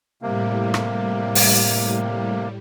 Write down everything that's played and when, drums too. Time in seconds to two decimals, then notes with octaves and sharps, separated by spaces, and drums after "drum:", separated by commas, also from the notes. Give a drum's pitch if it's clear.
0.22 A2 C3 G3 A#3
0.74 drum: rim click
1.35 drum: open hi-hat